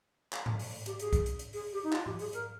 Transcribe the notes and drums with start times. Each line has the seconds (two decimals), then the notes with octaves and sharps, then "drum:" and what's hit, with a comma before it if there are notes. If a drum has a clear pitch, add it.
0.33 drum: clap
0.46 drum: tom G#2
0.59 drum: open hi-hat
0.86 G4, drum: hi-hat
1.00 G#4, drum: hi-hat
1.13 drum: kick, hi-hat
1.26 drum: hi-hat
1.39 drum: hi-hat
1.53 G#4, drum: open hi-hat
1.72 G4
1.83 D#4
1.93 F4, drum: clap
2.06 G4, drum: tom G#2
2.19 G#4, drum: open hi-hat
2.33 A#4, drum: hi-hat